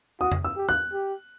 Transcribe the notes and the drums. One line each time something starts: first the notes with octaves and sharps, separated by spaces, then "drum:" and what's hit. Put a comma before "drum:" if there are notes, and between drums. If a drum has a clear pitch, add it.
F#4 D#6
drum: tom F2
E6
G4
F#6
G4